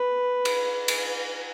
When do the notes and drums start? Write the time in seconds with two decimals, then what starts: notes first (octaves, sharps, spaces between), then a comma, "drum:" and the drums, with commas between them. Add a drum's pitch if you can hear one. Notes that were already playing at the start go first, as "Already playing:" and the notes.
Already playing: B4
0.45 drum: cymbal
0.88 drum: cymbal